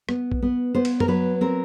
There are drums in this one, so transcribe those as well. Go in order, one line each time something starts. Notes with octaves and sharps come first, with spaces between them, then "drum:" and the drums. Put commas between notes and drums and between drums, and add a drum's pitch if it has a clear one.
B3, drum: rim click
drum: kick A#1
B3
B3 C5
drum: cymbal
A#4, drum: tom F#2
F#3 B4
C4 A#4